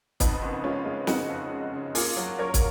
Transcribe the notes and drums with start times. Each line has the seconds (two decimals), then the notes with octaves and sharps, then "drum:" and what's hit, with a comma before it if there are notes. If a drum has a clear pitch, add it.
0.20 F2 B3 D#4, drum: kick, hi-hat
0.42 F#1
0.64 G#3 C#4 F4
0.85 G#3
1.07 F#1 D#4 F#4, drum: snare
1.29 F2
1.52 C#3
1.73 C#3
1.95 A#3 F4 G#4, drum: open hi-hat
2.17 F#3
2.39 F#3 A#4 C#5
2.54 drum: kick, hi-hat